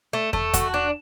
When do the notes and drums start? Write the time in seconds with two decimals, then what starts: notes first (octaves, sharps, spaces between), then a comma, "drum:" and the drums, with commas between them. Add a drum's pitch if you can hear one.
0.13 A3
0.33 A3, drum: kick
0.54 F#4, drum: kick, hi-hat
0.74 D4